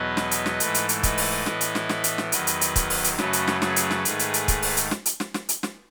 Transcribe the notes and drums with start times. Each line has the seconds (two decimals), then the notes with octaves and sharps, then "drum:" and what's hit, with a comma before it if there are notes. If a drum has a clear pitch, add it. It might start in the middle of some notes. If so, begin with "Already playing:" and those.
Already playing: E2 B2 F#3 B3 B4 D#5
0.17 drum: snare
0.31 drum: hi-hat
0.46 drum: snare
0.60 G#2 E3 A3, drum: hi-hat
0.74 drum: hi-hat
0.89 drum: hi-hat
1.03 B4 D#5, drum: kick, hi-hat
1.18 drum: open hi-hat
1.46 A2 E3 B3, drum: snare
1.61 drum: hi-hat
1.75 drum: snare
1.89 drum: snare
2.04 drum: hi-hat
2.18 drum: snare
2.32 E2 D#3 F#3 B4 D#5, drum: hi-hat
2.47 drum: hi-hat
2.61 drum: hi-hat
2.76 drum: kick, hi-hat
2.90 drum: open hi-hat
3.04 drum: hi-hat
3.18 F#2 C#3 F#3 A3 B4 D#5, drum: snare
3.33 drum: hi-hat
3.47 drum: snare
3.62 G#4 B4, drum: snare
3.76 drum: hi-hat
3.91 drum: snare
4.05 G#2 D#3 A3, drum: hi-hat
4.19 drum: hi-hat
4.34 drum: hi-hat
4.48 drum: kick, hi-hat
4.62 drum: open hi-hat
4.77 drum: hi-hat
4.91 drum: snare
5.06 drum: hi-hat
5.20 drum: snare
5.34 drum: snare
5.49 drum: hi-hat
5.63 drum: snare